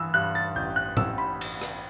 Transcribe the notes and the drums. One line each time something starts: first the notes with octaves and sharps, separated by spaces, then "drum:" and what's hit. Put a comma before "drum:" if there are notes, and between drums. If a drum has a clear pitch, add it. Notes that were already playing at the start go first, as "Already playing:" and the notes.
Already playing: G2 E3 E6
G2 F#6
A6
A1 G6
F#6
A1 E6, drum: tom A2
B5
drum: cymbal
drum: rim click